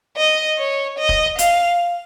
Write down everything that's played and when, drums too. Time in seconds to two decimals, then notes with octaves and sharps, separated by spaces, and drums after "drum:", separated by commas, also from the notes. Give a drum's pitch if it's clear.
0.17 D#5
0.58 C#5
0.98 D#5
1.09 drum: kick
1.39 F5, drum: hi-hat